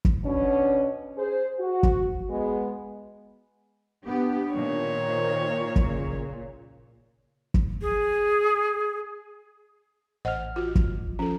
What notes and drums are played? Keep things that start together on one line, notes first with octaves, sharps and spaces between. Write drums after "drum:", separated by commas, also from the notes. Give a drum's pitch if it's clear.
drum: kick
B2 C#4 D4
G#4 C5
F#4
drum: kick
G#3 B3
B3 D4 G4
A#2 D#3 C#5
C5
C#3, drum: kick
drum: kick
G#4
A1 C5 D#5 F#5 F6
F4 F#4
drum: kick
F3 C#4 A4